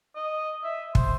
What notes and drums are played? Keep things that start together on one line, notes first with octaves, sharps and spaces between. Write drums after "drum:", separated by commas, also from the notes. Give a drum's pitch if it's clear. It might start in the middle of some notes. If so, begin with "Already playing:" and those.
D#5
E5
C5, drum: kick